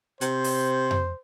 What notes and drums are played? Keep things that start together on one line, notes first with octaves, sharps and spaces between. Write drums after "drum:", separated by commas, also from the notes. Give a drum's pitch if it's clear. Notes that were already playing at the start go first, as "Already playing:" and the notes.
C3 C5, drum: hi-hat
drum: open hi-hat
drum: tom F2